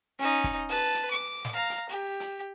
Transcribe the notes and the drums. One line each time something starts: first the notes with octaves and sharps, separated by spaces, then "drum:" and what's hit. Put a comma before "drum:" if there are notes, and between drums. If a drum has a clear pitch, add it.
C#4 D#4, drum: hi-hat
drum: kick, hi-hat
B4 A5, drum: open hi-hat
drum: hi-hat
D6
drum: snare
F5 A#5
drum: hi-hat
G4
drum: hi-hat